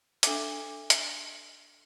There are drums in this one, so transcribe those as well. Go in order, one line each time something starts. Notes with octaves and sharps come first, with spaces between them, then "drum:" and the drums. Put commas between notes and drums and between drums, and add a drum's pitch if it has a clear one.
D4 A4 E5 F#5 D6, drum: hi-hat
drum: hi-hat